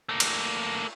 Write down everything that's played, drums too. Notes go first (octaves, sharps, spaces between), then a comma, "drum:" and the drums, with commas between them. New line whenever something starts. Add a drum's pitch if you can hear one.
A3 A#3
drum: cymbal